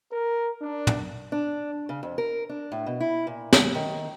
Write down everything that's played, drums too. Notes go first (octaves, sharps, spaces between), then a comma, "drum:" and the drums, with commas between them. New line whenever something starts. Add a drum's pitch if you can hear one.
A#4
D4
drum: tom
D4
C#3
F2
A#4
D4
A2
B2
E4
A#2
G#5, drum: snare
D#3